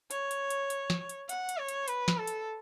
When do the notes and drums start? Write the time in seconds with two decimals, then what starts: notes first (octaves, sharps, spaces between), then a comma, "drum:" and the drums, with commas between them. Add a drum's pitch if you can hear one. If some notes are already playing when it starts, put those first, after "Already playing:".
0.11 C#5, drum: hi-hat
0.31 drum: hi-hat
0.50 drum: hi-hat
0.70 drum: hi-hat
0.90 drum: snare
1.09 drum: hi-hat
1.29 F#5, drum: hi-hat
1.49 drum: hi-hat
1.59 C#5
1.68 drum: hi-hat
1.88 B4, drum: hi-hat
2.08 drum: snare
2.18 A4
2.27 drum: hi-hat